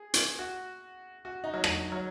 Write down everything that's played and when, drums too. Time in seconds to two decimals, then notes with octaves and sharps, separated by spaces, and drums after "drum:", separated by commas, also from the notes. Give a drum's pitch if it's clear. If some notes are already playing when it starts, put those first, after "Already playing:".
Already playing: G#4
0.14 drum: hi-hat
0.39 F#4
1.25 F#4
1.44 D#4
1.54 F#3
1.64 drum: rim click
1.92 F#3